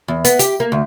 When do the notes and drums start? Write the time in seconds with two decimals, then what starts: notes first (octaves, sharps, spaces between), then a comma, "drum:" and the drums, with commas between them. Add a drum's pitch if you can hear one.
0.08 E2
0.25 B3, drum: hi-hat
0.39 G4, drum: hi-hat
0.60 A#3
0.72 D2